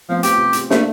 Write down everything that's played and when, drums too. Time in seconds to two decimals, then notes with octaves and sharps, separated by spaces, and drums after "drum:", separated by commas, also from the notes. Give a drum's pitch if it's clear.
0.09 F3 A3 B3 C4
0.23 F4 G4, drum: hi-hat
0.38 C3
0.53 drum: hi-hat
0.70 A3 A#3 D4, drum: snare